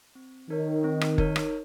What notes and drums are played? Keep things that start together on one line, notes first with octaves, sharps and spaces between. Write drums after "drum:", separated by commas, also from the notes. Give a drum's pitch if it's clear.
C4
D#3 D#4 A#4 C#5
C4
drum: rim click
D#4 A#4 C#5, drum: kick F#1
drum: rim click